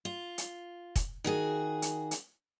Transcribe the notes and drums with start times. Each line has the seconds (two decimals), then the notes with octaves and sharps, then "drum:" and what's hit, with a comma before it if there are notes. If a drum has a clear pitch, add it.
0.05 F4
0.38 drum: hi-hat
0.96 drum: kick, hi-hat
1.24 D#3 F#4 G#4
1.82 drum: hi-hat
2.11 drum: hi-hat